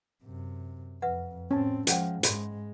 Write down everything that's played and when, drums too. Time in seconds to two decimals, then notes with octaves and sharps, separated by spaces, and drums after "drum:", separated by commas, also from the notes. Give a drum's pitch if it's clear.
0.23 F#2 C3
1.02 F2 B4 E5 F#5
1.51 A2 C4 C#4 A5
1.87 F3 G#3 C5 F#5 G5, drum: hi-hat
2.23 G#2 G#3 E5 B5 C6, drum: hi-hat